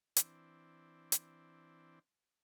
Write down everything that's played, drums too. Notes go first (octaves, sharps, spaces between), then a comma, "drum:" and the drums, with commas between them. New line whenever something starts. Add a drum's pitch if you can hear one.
E3 C4 D4, drum: hi-hat
drum: hi-hat